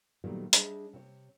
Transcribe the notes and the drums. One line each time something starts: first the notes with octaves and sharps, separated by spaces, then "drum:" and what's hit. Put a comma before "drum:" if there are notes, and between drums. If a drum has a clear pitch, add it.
A#2 D#3 F#3 G3 A3 B3
G3 D4 G#4 C#5 D#5 E5, drum: hi-hat
C3 C#5